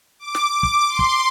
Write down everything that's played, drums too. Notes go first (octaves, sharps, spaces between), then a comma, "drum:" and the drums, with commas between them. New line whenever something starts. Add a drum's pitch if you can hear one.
D6
drum: snare
D6
drum: kick
C6
drum: kick